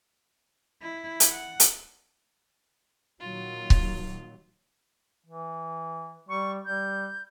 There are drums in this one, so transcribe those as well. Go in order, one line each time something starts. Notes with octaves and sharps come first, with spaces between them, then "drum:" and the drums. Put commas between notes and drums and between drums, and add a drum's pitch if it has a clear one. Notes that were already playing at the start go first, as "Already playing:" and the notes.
E4
drum: hi-hat
F#5
drum: hi-hat
A#2 D#3 F#3 F4
drum: kick C#1
E3
G3 C#6
G3 G6